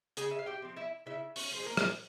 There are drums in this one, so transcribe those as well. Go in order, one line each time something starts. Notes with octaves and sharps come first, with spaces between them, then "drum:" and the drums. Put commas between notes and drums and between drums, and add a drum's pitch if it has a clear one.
C#3 G#4 G#5, drum: hi-hat
E5
F5
G4 G5
F3 C4
E4 E5
C#3 E4 E5
C#4 C#5, drum: open hi-hat
F3 C4 G#4
A#3 A#4
drum: rim click